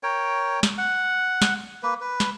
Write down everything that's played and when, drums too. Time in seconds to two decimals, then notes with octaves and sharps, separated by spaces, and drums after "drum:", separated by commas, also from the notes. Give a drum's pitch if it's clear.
0.03 A#4 C#5 G5
0.63 drum: snare
0.78 F#5
1.42 drum: snare
1.83 A#3 B4
2.01 B4
2.20 drum: snare